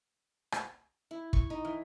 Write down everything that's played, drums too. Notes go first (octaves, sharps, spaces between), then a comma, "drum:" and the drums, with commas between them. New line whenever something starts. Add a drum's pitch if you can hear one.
drum: rim click
E4
C#6, drum: kick
D#4
E3